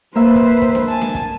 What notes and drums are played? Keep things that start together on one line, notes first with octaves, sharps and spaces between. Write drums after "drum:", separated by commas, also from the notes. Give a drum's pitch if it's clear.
A#3 B4 C5 E5
drum: kick, hi-hat
drum: kick, hi-hat
drum: snare D4
G#5 A5, drum: hi-hat
drum: snare D4
drum: kick, hi-hat